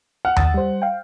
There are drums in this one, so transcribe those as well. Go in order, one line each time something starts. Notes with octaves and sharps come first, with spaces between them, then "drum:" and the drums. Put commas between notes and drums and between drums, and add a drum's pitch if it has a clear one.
F#5 F6
D#6 E6 A6, drum: tom D#2
G3 C5
F5 G5